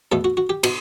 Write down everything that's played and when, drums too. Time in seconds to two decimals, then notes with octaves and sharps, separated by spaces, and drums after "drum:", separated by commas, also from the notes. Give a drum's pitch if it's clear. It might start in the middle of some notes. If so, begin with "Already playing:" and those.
0.12 E2 B2 A3 A4
0.24 F#4
0.37 F#4
0.49 G4
0.63 B2, drum: cymbal